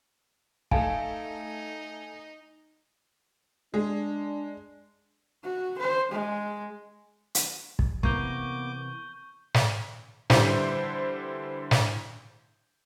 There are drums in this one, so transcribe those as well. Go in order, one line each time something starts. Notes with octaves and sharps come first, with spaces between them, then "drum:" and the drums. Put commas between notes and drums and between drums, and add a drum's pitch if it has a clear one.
A3 D#4 F5 G#5 A5 D7, drum: kick
G#3 D4 G#4
F#4
C5
G#3
drum: hi-hat
drum: kick
C3 E3 A#3 B3 C#6 D6 G6 G7, drum: kick
drum: snare
D3 E3 G3 E4 C5, drum: snare
drum: snare